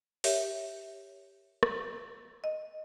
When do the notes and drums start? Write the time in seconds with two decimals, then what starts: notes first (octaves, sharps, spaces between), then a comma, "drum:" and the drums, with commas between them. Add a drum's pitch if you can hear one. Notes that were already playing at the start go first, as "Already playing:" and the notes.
0.24 G4 A#4 C#5 E5, drum: open hi-hat
1.63 drum: rim click
2.44 D#5